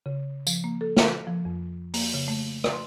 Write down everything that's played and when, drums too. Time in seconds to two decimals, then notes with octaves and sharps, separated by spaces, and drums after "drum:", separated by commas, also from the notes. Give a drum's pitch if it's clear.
0.06 C#3
0.47 F3, drum: tambourine
0.64 A#3
0.81 A4
0.97 drum: snare
1.27 F3
1.45 F2
1.94 A#3, drum: open hi-hat
2.14 C#3
2.28 A3
2.64 drum: rim click
2.73 C6